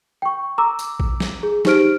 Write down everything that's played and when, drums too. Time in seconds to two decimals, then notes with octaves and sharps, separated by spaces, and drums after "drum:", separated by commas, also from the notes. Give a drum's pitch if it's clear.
0.22 G5 C#6
0.58 A#5 D6 E6
0.79 drum: tambourine
1.00 drum: kick A1
1.20 drum: snare
1.43 G#4
1.65 D#4 G4 C5 F6 D7, drum: snare